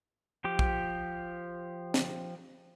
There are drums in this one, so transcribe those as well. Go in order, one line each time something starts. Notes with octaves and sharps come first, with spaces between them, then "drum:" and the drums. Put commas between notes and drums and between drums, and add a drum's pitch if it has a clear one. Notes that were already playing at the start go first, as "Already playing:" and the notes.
F3 G4 D6
drum: kick
drum: snare